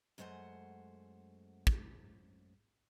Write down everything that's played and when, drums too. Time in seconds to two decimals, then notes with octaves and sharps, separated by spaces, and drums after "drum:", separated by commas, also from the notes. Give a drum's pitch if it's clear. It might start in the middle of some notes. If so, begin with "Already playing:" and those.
0.18 F#2 G#3 A3 C5 F#5 G#5
1.67 drum: kick